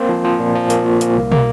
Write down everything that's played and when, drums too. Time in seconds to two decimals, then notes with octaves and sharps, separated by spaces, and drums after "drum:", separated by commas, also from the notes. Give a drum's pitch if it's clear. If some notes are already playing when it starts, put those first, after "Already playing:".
Already playing: A#3 C4 C5
0.09 F3
0.24 F3 C5
0.40 A#2
0.55 F3
0.70 A#3, drum: hi-hat
0.85 A#2
1.01 A#3, drum: hi-hat
1.16 C2
1.32 A#3, drum: tom